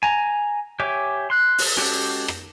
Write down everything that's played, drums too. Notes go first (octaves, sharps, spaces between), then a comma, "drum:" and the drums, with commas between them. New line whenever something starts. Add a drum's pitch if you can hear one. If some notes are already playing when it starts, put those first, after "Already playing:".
G#5 A#5
G4 C#5 E5 G#5 D6
C6 F#6
drum: open hi-hat
G#3 C#4 F#4 G4 A4
drum: rim click